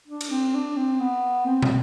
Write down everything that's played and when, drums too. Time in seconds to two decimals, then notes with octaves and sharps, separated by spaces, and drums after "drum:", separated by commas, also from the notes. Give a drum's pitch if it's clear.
0.08 D4
0.21 drum: cymbal
0.31 C4
0.54 D4
0.77 C4
1.00 B3
1.46 C4
1.62 drum: tom